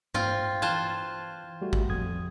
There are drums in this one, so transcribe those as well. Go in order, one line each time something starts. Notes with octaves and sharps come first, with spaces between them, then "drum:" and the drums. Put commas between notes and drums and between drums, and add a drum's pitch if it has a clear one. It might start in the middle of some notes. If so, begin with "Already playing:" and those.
C4 F4, drum: tom G2
E3 F4 C5 A5 F#6 G#6
G3 A3 F#4
drum: kick
F2 D#6 G#6